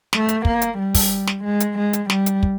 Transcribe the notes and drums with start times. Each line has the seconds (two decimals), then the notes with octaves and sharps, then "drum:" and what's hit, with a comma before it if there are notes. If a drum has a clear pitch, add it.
0.13 A3, drum: snare
0.29 drum: hi-hat
0.45 A#3, drum: kick
0.62 drum: hi-hat
0.78 G3
0.94 drum: kick, open hi-hat
1.27 drum: snare
1.44 G#3
1.60 drum: hi-hat
1.77 G#3
1.93 drum: hi-hat
2.10 G3, drum: snare
2.26 drum: hi-hat
2.43 drum: kick